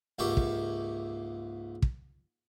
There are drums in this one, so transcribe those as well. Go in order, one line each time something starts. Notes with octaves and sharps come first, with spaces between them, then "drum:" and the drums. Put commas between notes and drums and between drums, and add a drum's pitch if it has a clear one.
C#2 G#2 A#3 G4 E5 C#6
drum: kick
drum: kick